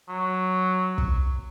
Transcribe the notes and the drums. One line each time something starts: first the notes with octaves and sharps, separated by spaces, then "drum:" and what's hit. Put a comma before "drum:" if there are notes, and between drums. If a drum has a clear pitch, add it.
F#3
drum: kick